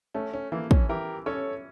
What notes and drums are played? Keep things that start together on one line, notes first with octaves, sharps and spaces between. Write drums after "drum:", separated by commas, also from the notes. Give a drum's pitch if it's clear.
A3 C#4
C#4
E3 A#3
C#4, drum: kick
E3 G4 A#4
C#4 A4 C#5